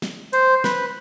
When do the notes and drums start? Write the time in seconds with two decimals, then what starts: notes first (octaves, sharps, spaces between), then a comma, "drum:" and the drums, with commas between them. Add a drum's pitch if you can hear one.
0.02 drum: snare
0.33 C5, drum: hi-hat
0.64 B4, drum: snare